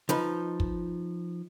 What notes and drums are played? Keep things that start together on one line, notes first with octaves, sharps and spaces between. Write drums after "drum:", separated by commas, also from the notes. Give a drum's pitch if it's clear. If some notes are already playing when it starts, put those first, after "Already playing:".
F3 D#4 B4, drum: hi-hat
drum: kick